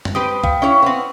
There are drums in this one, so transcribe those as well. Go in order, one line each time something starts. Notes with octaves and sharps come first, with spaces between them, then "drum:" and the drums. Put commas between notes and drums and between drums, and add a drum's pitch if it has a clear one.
drum: tom F#2
C4 G4 B4 D#6
F5 G5, drum: kick
C#4 E4 C#5
B3 C4